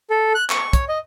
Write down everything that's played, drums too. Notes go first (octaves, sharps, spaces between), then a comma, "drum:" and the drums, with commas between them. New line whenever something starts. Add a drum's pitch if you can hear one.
A4
F#6
C#6, drum: clap
C#5, drum: kick, hi-hat
D#5